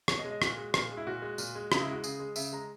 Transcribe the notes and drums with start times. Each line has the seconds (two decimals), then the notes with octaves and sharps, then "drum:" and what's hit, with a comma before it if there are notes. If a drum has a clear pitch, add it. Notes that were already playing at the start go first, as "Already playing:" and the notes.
0.08 B2 C#5, drum: rim click
0.19 D#5
0.25 G#3
0.31 D#5
0.42 A#2 F#4, drum: rim click
0.57 G#3
0.74 A#2, drum: rim click
0.91 G#3
0.97 E4
1.07 A#2 F#4
1.22 G#3
1.38 A#2, drum: tambourine
1.55 G#3
1.72 C#3 D#4, drum: rim click
1.82 E4
1.87 G#3
1.92 F#4
2.04 C#3 G#4, drum: tambourine
2.19 G#3
2.36 C#3 E5, drum: tambourine
2.52 G#3 A#5